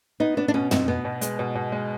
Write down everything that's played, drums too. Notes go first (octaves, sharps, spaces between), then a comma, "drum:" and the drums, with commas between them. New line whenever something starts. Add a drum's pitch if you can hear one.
B3 D#4
B3 D4
D4
B2 C#4
C4 D#4, drum: tom
B2 B3
B2
G#3, drum: hi-hat
B2
B2
G#3